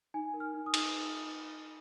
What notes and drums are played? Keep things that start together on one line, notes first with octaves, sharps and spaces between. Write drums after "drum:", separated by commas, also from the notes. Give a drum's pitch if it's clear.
D#4 G#5
A#4
F6
D#4
D#6
D#4, drum: cymbal